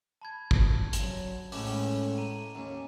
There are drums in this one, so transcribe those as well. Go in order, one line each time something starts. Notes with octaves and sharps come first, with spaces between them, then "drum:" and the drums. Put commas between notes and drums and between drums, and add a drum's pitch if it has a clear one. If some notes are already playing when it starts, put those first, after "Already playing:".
A5 B5 G#6
drum: kick
F#3, drum: hi-hat
C#2 A2 C#4 D6, drum: open hi-hat
A#5 D#7
D#2 C#4